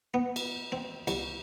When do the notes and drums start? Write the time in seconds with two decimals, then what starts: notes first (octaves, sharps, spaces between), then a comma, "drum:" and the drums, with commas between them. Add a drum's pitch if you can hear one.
0.14 B3
0.36 drum: cymbal
0.72 C4
1.07 C2, drum: cymbal